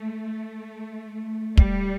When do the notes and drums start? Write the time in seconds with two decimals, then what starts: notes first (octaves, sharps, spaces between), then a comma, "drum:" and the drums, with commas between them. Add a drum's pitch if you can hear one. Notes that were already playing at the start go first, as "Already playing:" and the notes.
Already playing: A3
1.57 G3, drum: kick